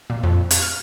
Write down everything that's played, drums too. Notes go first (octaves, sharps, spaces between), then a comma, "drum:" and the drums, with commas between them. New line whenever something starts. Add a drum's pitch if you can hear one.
A#2
F2
drum: hi-hat
F6